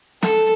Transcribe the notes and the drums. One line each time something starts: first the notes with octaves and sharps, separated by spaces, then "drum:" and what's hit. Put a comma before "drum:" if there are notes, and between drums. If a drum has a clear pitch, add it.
A4, drum: snare